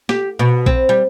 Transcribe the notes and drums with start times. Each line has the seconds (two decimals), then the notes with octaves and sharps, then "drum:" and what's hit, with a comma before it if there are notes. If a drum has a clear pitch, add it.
0.09 G4, drum: snare
0.39 B2
0.66 C4, drum: kick A#1
0.89 G3